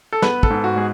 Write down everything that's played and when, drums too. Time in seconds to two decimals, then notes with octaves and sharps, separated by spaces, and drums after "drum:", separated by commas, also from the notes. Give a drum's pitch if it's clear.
0.13 A4
0.22 B3 B4, drum: snare
0.43 A4, drum: kick
0.50 G#2
0.64 F#4
0.76 G#3 G#4